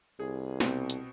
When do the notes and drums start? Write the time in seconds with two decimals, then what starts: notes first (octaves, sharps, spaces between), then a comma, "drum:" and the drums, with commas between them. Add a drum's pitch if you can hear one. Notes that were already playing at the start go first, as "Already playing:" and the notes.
0.19 C2 G#4
0.60 B2 C4, drum: snare
0.90 drum: hi-hat